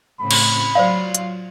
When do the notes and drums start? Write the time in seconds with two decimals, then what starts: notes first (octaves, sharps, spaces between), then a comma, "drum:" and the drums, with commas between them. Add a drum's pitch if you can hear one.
0.20 A2 C#3 C4 B5
0.31 drum: cymbal
0.75 F#3 F4 C5 D5 F5
1.15 drum: hi-hat